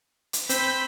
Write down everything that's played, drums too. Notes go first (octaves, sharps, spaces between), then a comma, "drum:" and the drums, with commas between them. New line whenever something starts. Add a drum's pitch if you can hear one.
drum: hi-hat
C4 C5 B5 G6 B6, drum: hi-hat